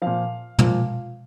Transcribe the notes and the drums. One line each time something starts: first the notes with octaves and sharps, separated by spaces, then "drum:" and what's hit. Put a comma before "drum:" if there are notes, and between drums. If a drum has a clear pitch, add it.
A#2 F3 F5
A#2 F3, drum: tom